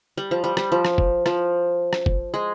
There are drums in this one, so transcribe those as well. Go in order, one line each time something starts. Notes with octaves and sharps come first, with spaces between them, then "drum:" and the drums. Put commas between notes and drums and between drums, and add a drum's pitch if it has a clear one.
G3
F3
G3
G3, drum: rim click
F3
drum: rim click
drum: kick
F3, drum: rim click
drum: rim click
drum: kick
G#3